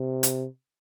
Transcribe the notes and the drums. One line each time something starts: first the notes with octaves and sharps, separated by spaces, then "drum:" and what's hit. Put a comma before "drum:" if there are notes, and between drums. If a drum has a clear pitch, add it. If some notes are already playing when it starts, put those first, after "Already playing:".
Already playing: C3
drum: hi-hat